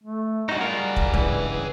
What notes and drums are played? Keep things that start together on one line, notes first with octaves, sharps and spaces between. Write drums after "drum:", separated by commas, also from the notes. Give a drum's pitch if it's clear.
A3
A2 C#3 G3 D#4 F#4
F4 G#4 A#4 F#5
drum: kick
C#2 G2 E3, drum: kick